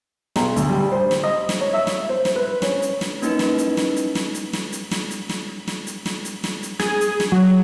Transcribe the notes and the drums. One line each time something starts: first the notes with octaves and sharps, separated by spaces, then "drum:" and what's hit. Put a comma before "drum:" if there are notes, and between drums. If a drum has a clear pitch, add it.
B1, drum: snare
D2, drum: hi-hat
G3
C5
drum: snare
D#5
drum: snare
C#5
E5
drum: snare
C5
drum: snare
B4
C#4, drum: snare
drum: hi-hat
drum: snare
A#3 C#4 D#4 E4 B4, drum: hi-hat
drum: snare
drum: hi-hat
drum: snare
drum: hi-hat
drum: snare
drum: hi-hat
drum: snare
drum: hi-hat
drum: snare
drum: hi-hat
drum: snare
drum: snare
drum: hi-hat
drum: snare
drum: hi-hat
drum: snare
drum: hi-hat
G#4, drum: snare
drum: hi-hat
drum: snare
F#3